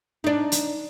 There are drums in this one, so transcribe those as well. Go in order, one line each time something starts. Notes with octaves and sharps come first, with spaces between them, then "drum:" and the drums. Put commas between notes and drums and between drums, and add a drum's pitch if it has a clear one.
D4 D#4
drum: hi-hat